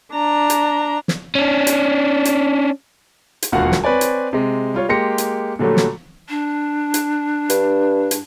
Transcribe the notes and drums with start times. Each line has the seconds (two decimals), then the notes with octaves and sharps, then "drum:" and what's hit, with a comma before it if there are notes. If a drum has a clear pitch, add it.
0.12 D4 A#5
0.50 drum: hi-hat
1.08 drum: snare
1.35 C#4 D4
1.67 drum: hi-hat
2.25 drum: hi-hat
3.42 drum: hi-hat
3.52 E1 D#2 F4 F#4 F5 F#5
3.72 drum: snare
3.84 C4 B4 C#5 D5 G#5
4.01 drum: hi-hat
4.33 C3 G#3
4.74 G3 F4 C#5
4.89 G#3 A#3 G4 C6 A#6 C#7
5.18 drum: hi-hat
5.59 A#2 D3 F#3 G3 A3
5.77 drum: snare
6.29 D4
6.94 drum: hi-hat
7.50 G2, drum: hi-hat
8.11 drum: hi-hat